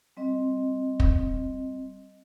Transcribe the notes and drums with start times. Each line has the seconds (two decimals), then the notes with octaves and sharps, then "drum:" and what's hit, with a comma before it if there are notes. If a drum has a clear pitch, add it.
0.17 G3 C4 D#5
1.00 drum: kick